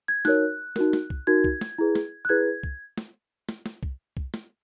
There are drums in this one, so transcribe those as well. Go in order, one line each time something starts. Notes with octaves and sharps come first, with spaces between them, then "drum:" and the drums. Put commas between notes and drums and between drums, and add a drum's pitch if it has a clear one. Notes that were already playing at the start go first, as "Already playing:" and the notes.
G#6
D#4 F#4 A#4 C#5 F#6, drum: snare
D#4 F#4 A#4, drum: snare
drum: snare
drum: kick C2
D#4 F#4 A#4 G#6
drum: kick C2
drum: snare
E4 G#4 B4
drum: snare
F#6
E4 G#4 B4 G#6
drum: kick C2
drum: snare
drum: snare
drum: snare
drum: kick C2
drum: kick C2
drum: snare